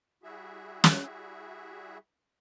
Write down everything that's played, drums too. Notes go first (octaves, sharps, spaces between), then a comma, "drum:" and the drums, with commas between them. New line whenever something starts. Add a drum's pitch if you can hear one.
G3 E4 F#4 G#4 E5
drum: snare